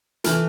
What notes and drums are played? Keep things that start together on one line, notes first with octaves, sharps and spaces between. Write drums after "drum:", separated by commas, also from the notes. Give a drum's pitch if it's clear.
E3 A3 F6, drum: hi-hat